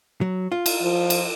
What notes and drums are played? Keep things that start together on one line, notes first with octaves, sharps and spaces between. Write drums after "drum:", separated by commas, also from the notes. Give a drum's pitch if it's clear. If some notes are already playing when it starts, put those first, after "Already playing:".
F#3
F4
drum: cymbal
F3
drum: cymbal